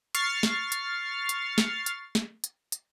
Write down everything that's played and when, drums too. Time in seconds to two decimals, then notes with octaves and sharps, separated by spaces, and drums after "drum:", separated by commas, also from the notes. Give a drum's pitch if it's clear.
0.15 C#6 F6 A6 C7, drum: hi-hat
0.43 drum: snare
0.72 drum: hi-hat
1.29 drum: hi-hat
1.58 drum: snare
1.86 drum: hi-hat
2.15 drum: snare
2.44 drum: hi-hat
2.72 drum: hi-hat